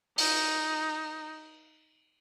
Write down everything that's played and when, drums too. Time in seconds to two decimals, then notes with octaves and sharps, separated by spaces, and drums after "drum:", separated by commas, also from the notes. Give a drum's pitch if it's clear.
0.18 D#4, drum: open hi-hat